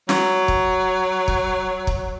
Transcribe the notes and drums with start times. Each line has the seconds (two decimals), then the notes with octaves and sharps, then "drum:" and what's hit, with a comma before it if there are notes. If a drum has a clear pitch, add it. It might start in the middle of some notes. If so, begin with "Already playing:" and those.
0.09 F#3, drum: snare
0.48 drum: kick
1.28 drum: kick
1.87 drum: kick